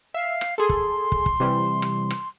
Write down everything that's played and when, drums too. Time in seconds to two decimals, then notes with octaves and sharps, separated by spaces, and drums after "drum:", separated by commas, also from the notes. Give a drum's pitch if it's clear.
0.14 E5 F5
0.41 drum: rim click
0.58 G#4 A4 C6
0.69 drum: kick
1.12 drum: kick
1.26 drum: kick
1.40 C3 E3 G3
1.82 drum: rim click
2.11 drum: rim click